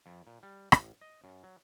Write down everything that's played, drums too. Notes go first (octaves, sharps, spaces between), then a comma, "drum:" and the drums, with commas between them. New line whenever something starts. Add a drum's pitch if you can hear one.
F2
A#2
G3
A1, drum: rim click
D#5
F#2
F#3